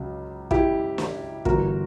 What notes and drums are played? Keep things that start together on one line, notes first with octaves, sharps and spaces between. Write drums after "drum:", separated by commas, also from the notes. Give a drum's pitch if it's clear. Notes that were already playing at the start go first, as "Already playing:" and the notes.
Already playing: C#2 C#3 F#3
E4 G4, drum: kick
drum: snare
G1 G2 E3 F#4 A#4, drum: kick